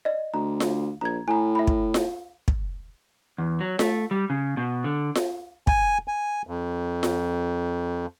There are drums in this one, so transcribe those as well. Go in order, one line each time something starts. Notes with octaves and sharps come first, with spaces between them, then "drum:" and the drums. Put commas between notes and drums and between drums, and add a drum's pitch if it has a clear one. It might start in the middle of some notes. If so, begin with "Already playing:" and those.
D5 D#5
D2 A#5
drum: snare F4
A#1 A#5 G#6
A2 G#5 A#5
E5 B5
drum: kick
drum: snare F4
drum: kick
E2
F#3
A3, drum: snare F4
G3
C#3
B2
D3
drum: snare F4
G#5, drum: kick
G#5
F2
drum: snare F4